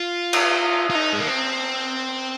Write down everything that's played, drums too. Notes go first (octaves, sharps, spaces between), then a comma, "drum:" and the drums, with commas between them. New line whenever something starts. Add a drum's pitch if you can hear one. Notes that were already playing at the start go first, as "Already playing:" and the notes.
Already playing: F4
drum: cymbal
F4
D#4
G#3
A#3
C4